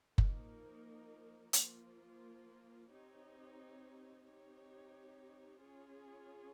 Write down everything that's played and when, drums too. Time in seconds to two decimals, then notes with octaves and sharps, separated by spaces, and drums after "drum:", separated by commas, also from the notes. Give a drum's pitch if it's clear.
0.18 F3 A#3 D#4 A#4, drum: kick F#1
1.53 F3 A#3 F4, drum: hi-hat
2.90 C4 D#4 G4 C#5
4.25 C4 D#4 G4 C#5
5.60 C#4 F4 G#4 C#5